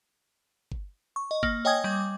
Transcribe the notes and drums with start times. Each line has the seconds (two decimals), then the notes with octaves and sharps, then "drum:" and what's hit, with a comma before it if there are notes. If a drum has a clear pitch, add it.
0.72 drum: kick G1
1.16 C#6
1.31 D#5
1.43 A#3, drum: kick G1
1.65 C#5 D#5 G5 G#5 D#6 G#6
1.84 G3 D6